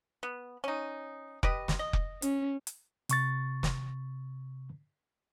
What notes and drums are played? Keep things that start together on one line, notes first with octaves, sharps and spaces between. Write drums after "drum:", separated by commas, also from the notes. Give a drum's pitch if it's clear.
B3
C#4 D#4
G4 B4 D#5, drum: kick F1
drum: snare
D#5
drum: kick F1
C#4, drum: hi-hat
drum: hi-hat
C3 C#6 A6, drum: hi-hat
drum: snare